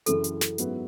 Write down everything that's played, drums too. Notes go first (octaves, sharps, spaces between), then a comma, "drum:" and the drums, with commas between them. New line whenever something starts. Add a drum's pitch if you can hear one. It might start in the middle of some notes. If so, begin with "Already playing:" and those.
F#2 C#3 E3 A4, drum: hi-hat
drum: hi-hat
drum: snare
G#2 F#3 B3 E4 B4, drum: hi-hat